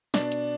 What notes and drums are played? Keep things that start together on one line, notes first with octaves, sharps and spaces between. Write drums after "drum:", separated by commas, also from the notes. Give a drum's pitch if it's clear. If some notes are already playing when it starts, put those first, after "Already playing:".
B2 D4 D5, drum: snare
drum: hi-hat